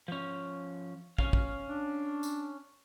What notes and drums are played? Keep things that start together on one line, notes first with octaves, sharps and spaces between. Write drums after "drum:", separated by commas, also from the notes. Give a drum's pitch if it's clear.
F3 C#4
C#4 F5, drum: kick
drum: kick
D4
drum: tambourine